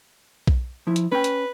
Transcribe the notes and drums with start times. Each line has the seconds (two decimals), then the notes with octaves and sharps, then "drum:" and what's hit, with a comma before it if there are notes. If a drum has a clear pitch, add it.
0.47 drum: kick B1
0.87 F3 E4
0.96 drum: hi-hat
1.12 C#4 B4 G5
1.24 drum: hi-hat